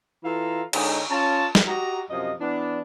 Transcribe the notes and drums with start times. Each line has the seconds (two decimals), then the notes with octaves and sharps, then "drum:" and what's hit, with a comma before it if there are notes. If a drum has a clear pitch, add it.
0.24 E3 F4 A4 F5 A#5
0.73 D3 G#3 C#4 D#4, drum: cymbal
1.10 C#4 F4 C#5 A5
1.55 drum: snare
1.67 F#4 G4 D#5 A#5
2.10 F#2 C3 F3 D#5
2.40 E3 B3 D4